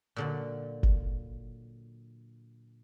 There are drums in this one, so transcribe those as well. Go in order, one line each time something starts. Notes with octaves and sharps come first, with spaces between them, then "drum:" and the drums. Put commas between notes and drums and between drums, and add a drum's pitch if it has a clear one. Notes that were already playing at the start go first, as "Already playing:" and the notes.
A#2 D3 F#3
drum: kick F#1